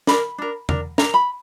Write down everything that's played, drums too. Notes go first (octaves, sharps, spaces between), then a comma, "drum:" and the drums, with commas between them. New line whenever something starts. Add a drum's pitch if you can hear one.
D4 A#4 B5, drum: snare
D4 A#4
D4 A#4, drum: tom E2
D4 A#4 A#5, drum: snare
B5